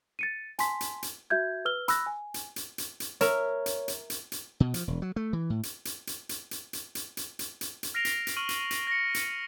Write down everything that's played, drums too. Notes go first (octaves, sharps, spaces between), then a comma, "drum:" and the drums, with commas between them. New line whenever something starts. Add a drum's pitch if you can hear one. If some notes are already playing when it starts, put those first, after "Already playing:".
A6 C#7 D#7
G#5 A5 C6 B6, drum: hi-hat
drum: hi-hat
drum: hi-hat
F#4 E5 G6 G#6
B4 E6 F6 G7
B5 E6 F#6 A#6, drum: hi-hat
G#5
drum: hi-hat
drum: hi-hat
drum: hi-hat
drum: hi-hat
A#4 C#5 E5, drum: hi-hat
drum: hi-hat
drum: hi-hat
drum: hi-hat
drum: hi-hat
B2
F3, drum: hi-hat
E1
F#3
A3
E3
A2
drum: hi-hat
drum: hi-hat
drum: hi-hat
drum: hi-hat
drum: hi-hat
drum: hi-hat
drum: hi-hat
drum: hi-hat
drum: hi-hat
drum: hi-hat
drum: hi-hat
F6 A#6 C7 D7 F7
drum: hi-hat
drum: hi-hat
C#6 F6 D#7 F#7
drum: hi-hat
drum: hi-hat
A#6 C#7
drum: hi-hat